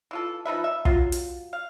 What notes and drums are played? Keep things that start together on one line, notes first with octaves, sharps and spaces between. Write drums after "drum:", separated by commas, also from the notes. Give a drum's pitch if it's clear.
E3 F4 A4
F3 D#4 B4 E5
E5
F#3 F4, drum: kick
drum: hi-hat
F5